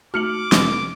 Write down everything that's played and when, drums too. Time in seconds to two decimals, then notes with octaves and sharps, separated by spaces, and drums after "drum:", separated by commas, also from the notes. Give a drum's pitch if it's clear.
0.14 A3 D#4 F#4 D6 F6 C#7 F#7
0.52 F1 F3 C#4 D#5, drum: snare